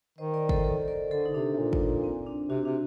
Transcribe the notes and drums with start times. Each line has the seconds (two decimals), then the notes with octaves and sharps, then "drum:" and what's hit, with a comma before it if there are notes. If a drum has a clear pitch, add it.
0.18 D#3 C5 D#5
0.34 A#4 D5
0.49 A4 C5, drum: kick
0.64 A4 C5
0.88 A#4 D5
1.11 D3 A4 C5
1.26 D#4
1.34 C3 D4
1.53 C3
1.57 A#2
1.73 drum: kick
2.04 C4
2.27 D4
2.49 C3 D4 F#4
2.65 C3 D4